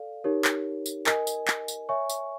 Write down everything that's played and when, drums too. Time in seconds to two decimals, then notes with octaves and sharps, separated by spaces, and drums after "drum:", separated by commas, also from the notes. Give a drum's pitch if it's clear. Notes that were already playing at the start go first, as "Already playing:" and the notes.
Already playing: A4 D5 F5
0.24 D#4 G4 A#4 C#5
0.44 drum: clap
0.86 drum: tambourine
1.06 A#4 D#5 G#5, drum: clap
1.27 drum: tambourine
1.48 drum: clap
1.68 drum: tambourine
1.89 C#5 E5 G#5 C#6
2.10 drum: tambourine